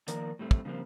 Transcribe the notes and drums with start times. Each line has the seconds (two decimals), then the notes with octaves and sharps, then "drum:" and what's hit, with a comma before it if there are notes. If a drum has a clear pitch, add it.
0.08 D#3 F3 A#3 A#4 D5, drum: hi-hat
0.39 A2 G3 A3 C4
0.51 drum: kick
0.65 C#3 F3 G3 A#3 C4